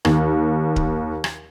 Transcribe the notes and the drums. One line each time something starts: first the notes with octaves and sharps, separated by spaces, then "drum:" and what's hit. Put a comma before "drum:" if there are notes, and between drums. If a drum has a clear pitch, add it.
D#2, drum: rim click
drum: kick D1
drum: rim click